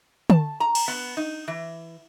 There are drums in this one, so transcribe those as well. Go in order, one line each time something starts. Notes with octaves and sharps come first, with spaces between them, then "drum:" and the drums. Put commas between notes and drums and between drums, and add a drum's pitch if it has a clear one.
A5, drum: tom
A#5
drum: cymbal
B3
D#4
E3